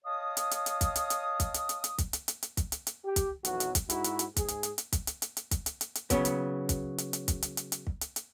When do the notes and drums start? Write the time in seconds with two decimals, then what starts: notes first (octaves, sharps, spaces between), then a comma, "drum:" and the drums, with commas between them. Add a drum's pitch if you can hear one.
0.05 C#5 D#5 F5 A5 D#6
0.37 drum: hi-hat
0.51 drum: hi-hat
0.66 drum: hi-hat
0.81 drum: kick, hi-hat
0.96 drum: hi-hat
1.10 drum: hi-hat
1.40 drum: kick, hi-hat
1.54 drum: hi-hat
1.69 drum: hi-hat
1.84 drum: hi-hat
1.98 drum: kick, hi-hat
2.13 drum: hi-hat
2.28 drum: hi-hat
2.43 drum: hi-hat
2.57 drum: kick, hi-hat
2.72 drum: hi-hat
2.87 drum: hi-hat
3.05 G4
3.16 drum: kick, hi-hat
3.45 B1 F2 B2 E3 F#3 F#4, drum: hi-hat
3.60 drum: hi-hat
3.75 drum: kick, hi-hat
3.90 G#2 E4 F#4, drum: hi-hat
4.04 drum: hi-hat
4.19 drum: hi-hat
4.36 G#2 G#4, drum: kick, hi-hat
4.48 drum: hi-hat
4.63 drum: hi-hat
4.78 drum: hi-hat
4.93 drum: kick, hi-hat
5.07 drum: hi-hat
5.22 drum: hi-hat
5.37 drum: hi-hat
5.51 drum: kick, hi-hat
5.66 drum: hi-hat
5.81 drum: hi-hat
5.95 drum: hi-hat
6.10 C#3 F#3 B3, drum: kick, hi-hat
6.25 drum: hi-hat
6.69 drum: kick, hi-hat
6.98 drum: hi-hat
7.13 drum: hi-hat
7.28 drum: kick, hi-hat
7.42 drum: hi-hat
7.57 drum: hi-hat
7.72 drum: hi-hat
7.87 drum: kick
8.01 drum: hi-hat
8.16 drum: hi-hat